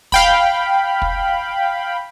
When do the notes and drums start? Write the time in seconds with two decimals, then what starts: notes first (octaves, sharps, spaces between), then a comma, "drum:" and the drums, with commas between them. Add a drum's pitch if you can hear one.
0.12 F5 G5 B5, drum: kick
1.02 drum: kick